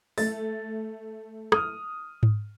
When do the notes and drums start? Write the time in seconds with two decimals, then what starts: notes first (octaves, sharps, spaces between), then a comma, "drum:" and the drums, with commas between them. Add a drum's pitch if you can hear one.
0.18 A3 A6, drum: open hi-hat
1.52 D#6 F6, drum: rim click
2.23 drum: tom G#2